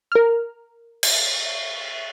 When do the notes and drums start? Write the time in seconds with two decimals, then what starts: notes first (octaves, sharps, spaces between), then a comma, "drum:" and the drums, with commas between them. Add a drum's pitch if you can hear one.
0.12 A#4 F6
1.03 drum: cymbal